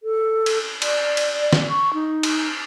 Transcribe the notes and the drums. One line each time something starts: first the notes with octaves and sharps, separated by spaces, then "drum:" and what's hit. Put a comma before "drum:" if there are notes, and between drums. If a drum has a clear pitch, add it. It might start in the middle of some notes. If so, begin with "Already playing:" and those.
A4
drum: cymbal
D5, drum: cymbal
drum: cymbal
drum: snare
C#6
D#4
drum: cymbal